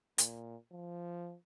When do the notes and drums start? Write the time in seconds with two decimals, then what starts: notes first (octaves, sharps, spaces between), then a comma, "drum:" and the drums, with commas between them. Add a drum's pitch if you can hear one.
0.18 A#2, drum: hi-hat
0.72 F3